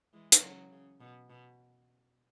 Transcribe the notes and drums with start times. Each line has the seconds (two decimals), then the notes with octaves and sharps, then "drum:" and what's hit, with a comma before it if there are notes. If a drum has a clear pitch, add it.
0.13 E3 G#3
0.32 drum: hi-hat
0.42 C#3 F#3
0.72 C#3
1.00 B2
1.30 B2